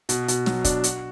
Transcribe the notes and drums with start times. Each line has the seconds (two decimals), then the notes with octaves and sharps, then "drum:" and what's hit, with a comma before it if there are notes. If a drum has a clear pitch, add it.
0.09 B2, drum: hi-hat
0.28 B2, drum: hi-hat
0.46 F#3, drum: snare
0.64 D4, drum: kick, hi-hat
0.84 F#4, drum: hi-hat